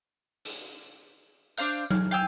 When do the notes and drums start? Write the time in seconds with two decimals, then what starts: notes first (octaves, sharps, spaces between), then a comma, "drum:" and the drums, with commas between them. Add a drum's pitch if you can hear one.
0.45 drum: hi-hat
1.58 D4 C5 F5 G6, drum: tambourine
1.91 F6, drum: tom F#3
2.11 F5 G5 G#5 E6